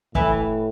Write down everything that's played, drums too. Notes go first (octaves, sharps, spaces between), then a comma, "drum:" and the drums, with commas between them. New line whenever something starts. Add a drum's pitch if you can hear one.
A2 E3, drum: kick